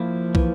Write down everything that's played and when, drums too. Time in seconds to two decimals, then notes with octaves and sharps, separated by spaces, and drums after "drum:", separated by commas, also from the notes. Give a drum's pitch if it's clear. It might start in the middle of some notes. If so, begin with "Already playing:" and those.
Already playing: F3 A#3 E4
0.35 E3, drum: kick